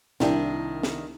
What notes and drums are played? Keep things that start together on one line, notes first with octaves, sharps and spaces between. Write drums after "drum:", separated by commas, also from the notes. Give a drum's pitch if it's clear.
C2 D#3 D4 E4 G5, drum: snare
drum: snare